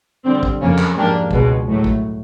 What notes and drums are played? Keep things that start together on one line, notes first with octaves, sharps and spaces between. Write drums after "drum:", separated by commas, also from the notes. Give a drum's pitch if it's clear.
D3 G3 C4
drum: kick
F2 C#3 F#3 A#3 C#4
drum: clap
G#2 F3 A#3 D4 G4
C#2 B2 G#3, drum: kick
A2 F#3 A3
drum: kick